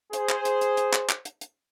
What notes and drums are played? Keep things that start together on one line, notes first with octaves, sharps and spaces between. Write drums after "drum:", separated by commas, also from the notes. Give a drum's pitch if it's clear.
G#4 C5, drum: hi-hat
drum: clap
drum: hi-hat
drum: hi-hat
drum: hi-hat
drum: clap
drum: clap
drum: hi-hat
drum: hi-hat